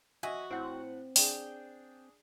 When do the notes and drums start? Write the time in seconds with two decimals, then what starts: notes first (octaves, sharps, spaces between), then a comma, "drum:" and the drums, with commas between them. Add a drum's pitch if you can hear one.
0.23 F#4 D#5 E5 G#5
0.50 A2 C4 F#5
1.16 D4 G#4 G5, drum: open hi-hat